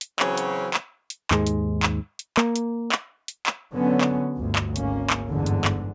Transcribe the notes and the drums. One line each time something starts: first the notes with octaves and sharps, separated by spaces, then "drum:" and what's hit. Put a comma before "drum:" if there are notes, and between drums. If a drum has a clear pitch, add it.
drum: hi-hat
C#3 E3 F#3 C4 C#4 F#4, drum: clap
drum: hi-hat
drum: clap
drum: hi-hat
D#2 G#2 G#3, drum: clap
drum: hi-hat
drum: clap
drum: hi-hat
A#3, drum: clap
drum: hi-hat
drum: clap
drum: hi-hat
drum: clap
D3 F#3 B3 C#4
drum: clap
G1 D2
drum: clap
G#1 A#3 C#4, drum: hi-hat
drum: clap
G1 E2 G#2 D3
drum: hi-hat
drum: clap